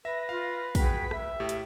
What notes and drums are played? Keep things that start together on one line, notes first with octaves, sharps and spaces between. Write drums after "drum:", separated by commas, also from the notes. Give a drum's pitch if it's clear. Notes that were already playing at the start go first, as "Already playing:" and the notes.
B4 E5 A#6
F4 F5
F#4 G#4 G5 B6, drum: kick, open hi-hat
E5, drum: rim click
A2 G4
drum: hi-hat